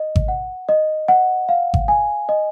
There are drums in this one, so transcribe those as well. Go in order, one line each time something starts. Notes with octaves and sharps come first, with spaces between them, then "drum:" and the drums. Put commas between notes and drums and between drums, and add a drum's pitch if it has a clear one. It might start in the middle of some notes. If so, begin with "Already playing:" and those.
Already playing: D#5
drum: kick G#1
F#5
D#5
F#5
F5
drum: kick G#1
G#5
D#5